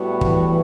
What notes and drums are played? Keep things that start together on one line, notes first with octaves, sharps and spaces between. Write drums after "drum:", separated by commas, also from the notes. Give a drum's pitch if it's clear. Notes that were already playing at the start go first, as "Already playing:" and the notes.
Already playing: A2 G3 B3 F#4
E3, drum: kick